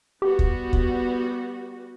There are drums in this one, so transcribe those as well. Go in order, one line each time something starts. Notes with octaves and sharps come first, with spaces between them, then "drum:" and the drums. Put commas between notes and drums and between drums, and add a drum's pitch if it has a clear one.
G3 B3 F#4 G4
drum: kick
drum: kick